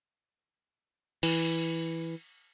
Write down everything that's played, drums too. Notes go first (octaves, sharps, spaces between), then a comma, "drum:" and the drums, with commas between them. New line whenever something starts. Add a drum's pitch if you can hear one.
E3, drum: cymbal